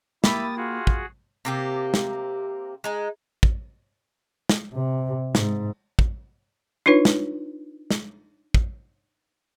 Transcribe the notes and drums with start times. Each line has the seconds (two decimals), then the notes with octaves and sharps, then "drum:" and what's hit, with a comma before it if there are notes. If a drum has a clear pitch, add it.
0.24 A#3 E4 G4 B5 D6 D#6 A6, drum: snare
0.57 F4 F#4 G#4
0.87 drum: kick
1.45 C3 A#3 G4
1.94 drum: snare
2.84 G#3 D#4
3.43 drum: kick
4.49 drum: snare
4.73 C3
5.35 G#2, drum: snare
5.99 drum: kick
6.86 D4 D#4 F4 B4 C#5
7.05 drum: snare
7.91 drum: snare
8.54 drum: kick